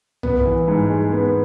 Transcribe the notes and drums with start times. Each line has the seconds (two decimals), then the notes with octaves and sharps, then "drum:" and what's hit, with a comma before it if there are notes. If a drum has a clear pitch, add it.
0.23 B3, drum: tom
0.46 E3
0.68 G#2
0.90 G#3
1.13 B3